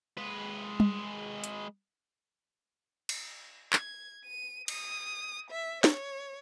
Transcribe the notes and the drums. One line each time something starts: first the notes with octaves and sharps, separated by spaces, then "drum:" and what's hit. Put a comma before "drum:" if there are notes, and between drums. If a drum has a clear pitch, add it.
G#3 B4
drum: tom G3
drum: hi-hat
drum: cymbal
G#6, drum: clap
D#7
D#6, drum: cymbal
E5
C#5, drum: snare